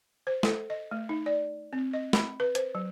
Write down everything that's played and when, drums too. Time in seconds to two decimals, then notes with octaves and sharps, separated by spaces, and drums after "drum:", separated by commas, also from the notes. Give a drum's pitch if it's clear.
0.27 C5
0.43 A4, drum: snare
0.70 D#5
0.91 A3
1.09 D#4
1.26 D5
1.73 C4
1.93 D#5
2.13 B5, drum: snare
2.40 B4
2.55 C5, drum: hi-hat
2.75 F#3